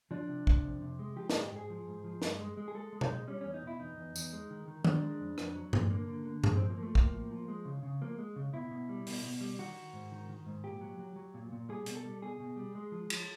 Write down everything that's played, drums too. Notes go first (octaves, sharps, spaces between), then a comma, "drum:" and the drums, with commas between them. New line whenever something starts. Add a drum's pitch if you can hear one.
F3 D4
C3
C3, drum: kick
F2
C3
G#3
F3 G4
G#4, drum: snare
G#2
G4
G#2 G#4
F3
G#2
F3
G2, drum: snare
G#3
G#3
G#4
G#3 A4
G#3
D#4, drum: tom B2
G#3
G3 C#4
E2 C#4
D#4
B2 E4
E2 D#4
E2
E2, drum: tambourine
G#3
D#3
D#3
D#3 D4, drum: tom D#3
G#3
F2
F2, drum: rim click
F#3
F2, drum: tom G2
D3 A#3
D3
D3
G#3, drum: tom G2
C4
F3
A#3
F3 A3
A2 A#3, drum: kick
F3
F3
G#3
C#3
C#3
F3 A#3
G#3
C#3
B2 E4
B2
G3
B2, drum: open hi-hat
B2
G3
D#3 F#4
D#3
G#2
D#3
D#3
G#2
A#2 G4
F#3
F#3
F#3
A#2
A#2
G3 G#4
B2, drum: hi-hat
A4
G3
B2 G#4
B2
G3
G#3
F3
F3, drum: cymbal